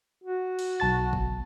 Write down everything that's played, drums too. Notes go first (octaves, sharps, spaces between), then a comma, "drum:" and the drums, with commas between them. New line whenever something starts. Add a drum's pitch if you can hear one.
F#4
drum: cymbal
B1 A5 A6
drum: kick